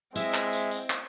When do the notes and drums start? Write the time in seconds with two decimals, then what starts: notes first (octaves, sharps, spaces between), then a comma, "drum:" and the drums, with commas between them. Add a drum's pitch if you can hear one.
0.16 G#3 C4 E4 D#5 E5, drum: tambourine
0.34 drum: clap
0.53 drum: tambourine
0.71 drum: tambourine
0.90 drum: clap